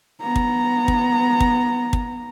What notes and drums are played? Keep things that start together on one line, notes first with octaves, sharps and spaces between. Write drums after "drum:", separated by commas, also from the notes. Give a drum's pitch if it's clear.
B3 A#5
drum: kick
drum: kick
drum: kick
drum: kick